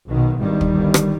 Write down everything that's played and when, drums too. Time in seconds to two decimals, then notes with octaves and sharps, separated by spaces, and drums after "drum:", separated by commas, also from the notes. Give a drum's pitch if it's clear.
0.09 B1 B2 D#3
0.40 G#1 G2 D#3 G3
0.61 drum: kick
0.72 G1 G2
0.94 drum: rim click